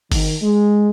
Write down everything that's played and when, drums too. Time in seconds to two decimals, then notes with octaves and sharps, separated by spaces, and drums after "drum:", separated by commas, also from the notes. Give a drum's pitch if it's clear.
0.12 D#3, drum: kick G1, open hi-hat
0.42 G#3